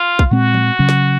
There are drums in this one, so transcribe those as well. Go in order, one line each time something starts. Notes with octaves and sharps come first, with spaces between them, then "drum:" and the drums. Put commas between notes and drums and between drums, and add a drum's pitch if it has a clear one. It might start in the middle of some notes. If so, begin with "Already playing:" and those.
Already playing: F4
drum: kick
A#2 G#3 C4 F#4
drum: tom
C#3 F#3 C#4
drum: snare